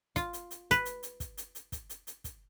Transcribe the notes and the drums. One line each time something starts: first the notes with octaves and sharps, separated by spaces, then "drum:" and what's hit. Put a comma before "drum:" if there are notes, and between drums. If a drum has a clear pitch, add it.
F4, drum: kick, hi-hat
drum: hi-hat
drum: hi-hat
B4, drum: kick, hi-hat
drum: hi-hat
drum: hi-hat
drum: kick, hi-hat
drum: hi-hat
drum: hi-hat
drum: kick, hi-hat
drum: hi-hat
drum: hi-hat
drum: kick, hi-hat